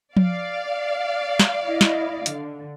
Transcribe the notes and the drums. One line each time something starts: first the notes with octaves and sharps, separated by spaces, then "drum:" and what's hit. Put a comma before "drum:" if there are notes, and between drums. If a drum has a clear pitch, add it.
D5 F5, drum: tom F3
drum: snare
E4 D#5
drum: snare
D3, drum: hi-hat